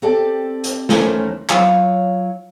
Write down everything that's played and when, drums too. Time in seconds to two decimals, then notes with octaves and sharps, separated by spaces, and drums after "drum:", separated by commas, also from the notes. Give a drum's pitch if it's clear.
0.02 C4 G4 A4 D5 A5
0.64 drum: hi-hat
0.89 D#2 E3 A3 C#4 A#4 C5, drum: snare
1.50 F#3 F4 C#5, drum: clap